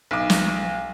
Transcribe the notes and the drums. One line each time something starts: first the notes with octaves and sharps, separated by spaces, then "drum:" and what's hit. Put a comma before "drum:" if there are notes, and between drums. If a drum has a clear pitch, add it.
B1 D6
drum: snare